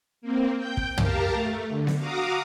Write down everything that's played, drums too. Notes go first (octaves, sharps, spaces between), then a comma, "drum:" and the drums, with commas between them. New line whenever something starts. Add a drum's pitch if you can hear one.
A#3 C4
G5 G6
drum: kick
G4 A#4 F5 A5 A#5, drum: tom
A3
D3
drum: snare B3
F#4 F5 A#5 D6 D#6